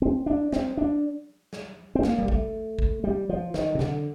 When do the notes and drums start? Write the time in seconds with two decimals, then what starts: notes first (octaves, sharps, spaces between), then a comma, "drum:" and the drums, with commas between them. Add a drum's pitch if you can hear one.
0.02 C4
0.26 D4
0.52 C4, drum: snare
0.77 D4
1.53 drum: snare
1.95 C4
2.03 A#3, drum: snare
2.18 G3
2.28 A3, drum: kick
2.79 drum: kick
3.04 G3
3.29 F3
3.54 D#3, drum: snare
3.75 C3
3.79 D3, drum: snare